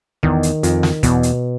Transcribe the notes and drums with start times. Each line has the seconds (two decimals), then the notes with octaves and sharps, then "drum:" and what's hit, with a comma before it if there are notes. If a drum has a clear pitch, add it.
0.23 E2 D#3, drum: kick
0.43 drum: hi-hat
0.63 F2, drum: hi-hat
0.83 drum: snare
1.03 E2 B2, drum: kick, hi-hat
1.23 drum: hi-hat